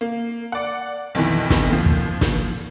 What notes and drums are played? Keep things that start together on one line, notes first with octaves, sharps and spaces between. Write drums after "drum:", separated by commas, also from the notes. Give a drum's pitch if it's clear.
A#3
D5 F#5
B1 F2 D#3 E3
drum: snare
D#2 F3
drum: kick
drum: snare